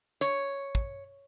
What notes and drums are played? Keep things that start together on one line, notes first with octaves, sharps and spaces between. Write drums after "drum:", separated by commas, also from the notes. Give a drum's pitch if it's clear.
C#5, drum: hi-hat
drum: kick